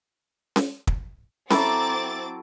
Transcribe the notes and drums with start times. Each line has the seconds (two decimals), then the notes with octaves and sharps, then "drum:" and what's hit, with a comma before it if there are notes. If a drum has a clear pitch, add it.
0.56 drum: snare C#4
0.87 drum: kick
1.50 F#3 C4 E4 A4 E5 B5 D6 A6, drum: snare C#4